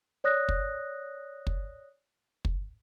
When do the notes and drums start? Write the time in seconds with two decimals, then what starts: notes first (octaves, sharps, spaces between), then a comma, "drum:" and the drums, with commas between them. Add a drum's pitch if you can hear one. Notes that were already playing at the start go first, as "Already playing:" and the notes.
0.24 C#5 D5 D#6 F#6 A#6
0.49 drum: kick
1.47 drum: kick
2.45 drum: kick